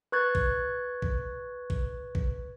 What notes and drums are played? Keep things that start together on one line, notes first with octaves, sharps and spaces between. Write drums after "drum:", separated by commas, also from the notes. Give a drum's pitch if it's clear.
B4 C#6 F#6 G#6 A6
drum: kick A#1
drum: kick A#1
drum: kick A#1
drum: kick A#1